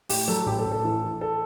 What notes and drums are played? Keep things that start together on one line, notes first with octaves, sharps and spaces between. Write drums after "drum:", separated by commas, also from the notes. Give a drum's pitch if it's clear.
A2 G4, drum: open hi-hat
F#3 A4
A1 G4
A4
A1
A4
E3
E3
A4